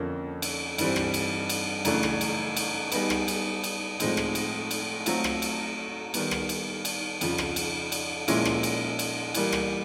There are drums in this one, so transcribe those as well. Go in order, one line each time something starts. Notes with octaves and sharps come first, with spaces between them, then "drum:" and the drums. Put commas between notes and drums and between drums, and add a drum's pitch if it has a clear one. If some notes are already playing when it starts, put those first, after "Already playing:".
Already playing: F2 D3 F3 A#3 C#4
drum: cymbal
G2 E3 G3 C4, drum: cymbal
drum: rim click
drum: cymbal
drum: cymbal
F#2 C#3 E3 A3 D4, drum: cymbal
drum: rim click
drum: cymbal
drum: cymbal
G3 B3 D#4 G#4 B4, drum: cymbal
drum: rim click
drum: cymbal
drum: cymbal
A2 F3 G#3 C4 D#4, drum: cymbal
drum: rim click
drum: cymbal
drum: cymbal
F#3 A3 C4 F4 A4, drum: cymbal
drum: rim click
drum: cymbal
D#3 G3 B3, drum: cymbal
drum: rim click
drum: cymbal
drum: cymbal
F2 C#3 F3, drum: cymbal
drum: rim click
drum: cymbal
drum: cymbal
A#2 F3 G#3 C#4 E4, drum: cymbal
drum: rim click
drum: cymbal
drum: cymbal
E3 G3 A#3, drum: cymbal
drum: rim click